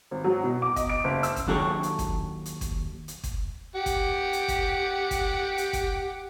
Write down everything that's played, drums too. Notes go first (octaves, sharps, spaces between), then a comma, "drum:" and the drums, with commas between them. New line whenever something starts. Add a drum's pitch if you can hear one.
G#1
F#3
B2
D6
D#5, drum: kick, hi-hat
D7
F#1
E6, drum: hi-hat
drum: kick, hi-hat
D#2 F#3 D4 G#4 A4 C#5
drum: hi-hat
drum: kick, hi-hat
drum: hi-hat
drum: kick, hi-hat
drum: hi-hat
drum: kick, hi-hat
G4 F#5
drum: kick, hi-hat
drum: hi-hat
drum: kick, hi-hat
drum: kick, hi-hat
drum: hi-hat
drum: kick, hi-hat